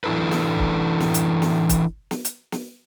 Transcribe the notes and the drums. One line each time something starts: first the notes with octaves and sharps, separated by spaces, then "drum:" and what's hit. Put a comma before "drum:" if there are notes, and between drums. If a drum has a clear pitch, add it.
E3 D4 E4 A4 B4
drum: snare
drum: kick
drum: snare
drum: hi-hat
drum: snare
drum: kick, hi-hat
drum: snare
drum: hi-hat
drum: snare